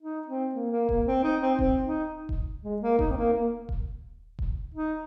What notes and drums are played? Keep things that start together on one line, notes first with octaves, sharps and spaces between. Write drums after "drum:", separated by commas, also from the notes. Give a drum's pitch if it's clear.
D#4
C4
A#3
A#3
A#3, drum: kick D#1
C4
D#4
C4
C4, drum: kick D#1
D#4
drum: kick D#1
G#3
A#3
D#4, drum: kick D#1
C4
A#3
A#3
drum: kick D#1
drum: kick D#1
D#4